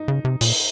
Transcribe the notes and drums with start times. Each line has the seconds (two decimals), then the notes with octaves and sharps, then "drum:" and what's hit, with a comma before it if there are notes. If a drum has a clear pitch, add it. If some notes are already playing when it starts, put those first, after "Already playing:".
Already playing: D#4
0.08 C#3
0.25 C3
0.41 A#2, drum: open hi-hat